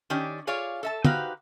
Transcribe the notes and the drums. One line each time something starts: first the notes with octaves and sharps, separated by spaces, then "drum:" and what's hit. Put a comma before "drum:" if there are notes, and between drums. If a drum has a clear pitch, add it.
D#3 C#4 D4 G4 D5
F4 G#4 C#5 D5 F5
A4 E5 A5
D#4 F#4 G4 B4 C5 F5, drum: tom